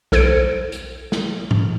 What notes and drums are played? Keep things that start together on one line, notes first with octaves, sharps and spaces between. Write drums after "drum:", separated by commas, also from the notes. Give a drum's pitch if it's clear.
B1 A4 C5 G#6 C#7 D7, drum: snare
drum: hi-hat
drum: snare
drum: tom G#2